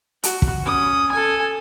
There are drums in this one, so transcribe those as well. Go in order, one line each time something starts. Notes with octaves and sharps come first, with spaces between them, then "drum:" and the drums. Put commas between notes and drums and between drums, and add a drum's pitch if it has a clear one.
F#4, drum: hi-hat
drum: kick
C#4 D#6
A4 G#5